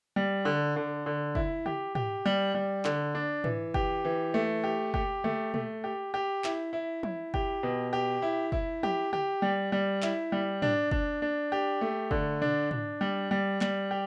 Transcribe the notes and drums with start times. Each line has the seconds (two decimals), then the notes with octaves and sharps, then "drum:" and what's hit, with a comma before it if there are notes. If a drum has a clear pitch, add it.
0.16 G3
0.45 D3
0.76 D3
1.06 D3
1.35 E4, drum: kick F#1
1.66 G4, drum: tom C#3
1.95 G4, drum: tom
2.26 G3
2.55 G3
2.85 D3, drum: clap
3.15 D4
3.44 E3, drum: tom
3.74 G4, drum: kick F#1
4.05 E3
4.34 A3
4.64 G4
4.94 G4, drum: kick F#1
5.24 A3, drum: tom C#3
5.54 A3, drum: tom A#2
5.84 G4
6.14 G4
6.44 E4, drum: clap
6.73 E4
7.03 E4, drum: tom
7.34 G4, drum: kick F#1
7.63 B2
7.93 G4
8.22 E4
8.52 E4, drum: kick F#1
8.83 G4, drum: tom
9.13 G4, drum: tom C#3
9.42 G3
9.72 G3
10.02 E4, drum: clap
10.32 G3
10.62 D4, drum: tom
10.91 D4, drum: kick F#1
11.22 D4
11.52 G4
11.81 A3
12.11 D3, drum: kick F#1
12.42 D4, drum: tom A#2
12.71 D4, drum: tom
13.01 G3
13.31 G3
13.61 G3, drum: clap
13.91 G4